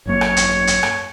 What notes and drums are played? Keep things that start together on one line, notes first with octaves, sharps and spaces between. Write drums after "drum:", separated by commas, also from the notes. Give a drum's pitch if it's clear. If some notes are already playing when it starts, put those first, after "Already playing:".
G#1 F#2 A#3 C#5
drum: rim click
drum: hi-hat
drum: hi-hat
drum: rim click